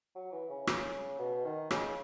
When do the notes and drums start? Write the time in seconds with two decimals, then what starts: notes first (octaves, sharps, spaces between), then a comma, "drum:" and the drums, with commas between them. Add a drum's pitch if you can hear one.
0.15 F#3
0.32 E3
0.49 C#3
0.67 C#3, drum: rim click
1.19 B2
1.45 D#3
1.71 C#3, drum: rim click